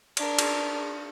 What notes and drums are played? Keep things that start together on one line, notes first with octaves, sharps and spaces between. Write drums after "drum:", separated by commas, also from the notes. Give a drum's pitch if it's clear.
D4 A#4, drum: cymbal
drum: cymbal